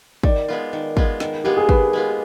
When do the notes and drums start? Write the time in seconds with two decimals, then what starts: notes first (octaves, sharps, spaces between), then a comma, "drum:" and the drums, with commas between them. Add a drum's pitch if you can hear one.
0.23 D#3 D5, drum: kick
0.48 G#3 B3 F4
0.73 D#3
0.97 G#3 B3 F4, drum: kick
1.20 D#3, drum: snare
1.44 G#3 B3 F4 G4
1.57 G#4
1.69 D#3 B4, drum: kick
1.93 G#3 B3 F4